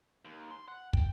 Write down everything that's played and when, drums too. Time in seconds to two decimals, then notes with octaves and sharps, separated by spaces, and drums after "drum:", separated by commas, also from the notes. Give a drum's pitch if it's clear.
0.25 D#2
0.51 C6
0.68 F#5
0.93 G5, drum: kick